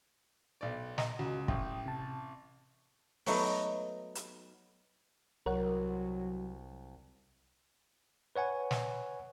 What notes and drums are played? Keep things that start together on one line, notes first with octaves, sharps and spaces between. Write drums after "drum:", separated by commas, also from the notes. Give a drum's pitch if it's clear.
B1 D5
D#5 A#5, drum: snare
C#2 F#4
A1 G5 D#6, drum: kick
C3 A5
F#3 A3 B3 D#4, drum: open hi-hat
drum: hi-hat
C2 F#3 A#4 C#5 F#5
B4 C#5 F#5 G#5
drum: snare